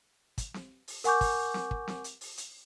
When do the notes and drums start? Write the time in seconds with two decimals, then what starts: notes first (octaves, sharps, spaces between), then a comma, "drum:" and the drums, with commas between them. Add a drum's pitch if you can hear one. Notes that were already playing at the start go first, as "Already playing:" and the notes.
0.38 drum: kick, hi-hat
0.54 drum: snare C4
0.88 drum: open hi-hat
1.04 A#4 F#5 G#5 C#6 D6 G6, drum: hi-hat
1.21 drum: kick, open hi-hat
1.54 drum: snare C4
1.71 drum: kick
1.88 drum: snare C4
2.04 drum: hi-hat
2.21 drum: open hi-hat
2.38 drum: hi-hat